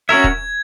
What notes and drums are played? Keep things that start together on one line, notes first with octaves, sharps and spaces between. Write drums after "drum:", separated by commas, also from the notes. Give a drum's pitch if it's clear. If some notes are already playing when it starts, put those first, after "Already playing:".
C#4 F#4 A#4 E5 G#6
drum: kick